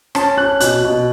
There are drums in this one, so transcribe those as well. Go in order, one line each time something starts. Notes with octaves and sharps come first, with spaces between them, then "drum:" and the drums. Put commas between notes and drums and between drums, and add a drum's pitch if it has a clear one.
C#4 A5, drum: rim click
C#4 F#6
B2 F#6, drum: hi-hat
B2